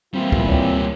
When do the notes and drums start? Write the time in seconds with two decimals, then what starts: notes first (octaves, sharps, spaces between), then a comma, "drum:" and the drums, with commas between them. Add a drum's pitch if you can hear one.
0.14 E3 G3 A#3 C4 E4 F4
0.32 drum: kick C#2
0.47 G4 C#5 D5